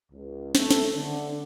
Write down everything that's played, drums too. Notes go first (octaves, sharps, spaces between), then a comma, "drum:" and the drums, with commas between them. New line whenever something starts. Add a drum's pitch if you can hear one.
C#2
A3, drum: snare
drum: snare
D3